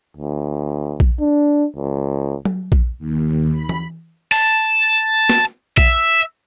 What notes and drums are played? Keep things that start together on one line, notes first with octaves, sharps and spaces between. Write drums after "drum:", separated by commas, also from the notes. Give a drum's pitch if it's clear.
D2
drum: kick A#1
D4
C#2
drum: tom F#3
drum: kick A#1
D#2
B5
drum: tom E3
A5, drum: open hi-hat
drum: snare
E5, drum: kick A#1